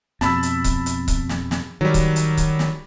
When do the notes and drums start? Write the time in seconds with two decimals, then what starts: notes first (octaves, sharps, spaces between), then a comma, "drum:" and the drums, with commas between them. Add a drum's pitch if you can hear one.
0.21 F2 B2 A5 B5 E6, drum: snare
0.43 drum: hi-hat
0.64 drum: kick C#1, hi-hat
0.86 drum: hi-hat
1.08 drum: kick C#1, hi-hat
1.29 drum: snare
1.51 drum: snare
1.81 D#3 F#3 G3
1.94 drum: kick C#1, hi-hat
2.16 drum: hi-hat
2.37 drum: kick C#1, hi-hat
2.59 drum: snare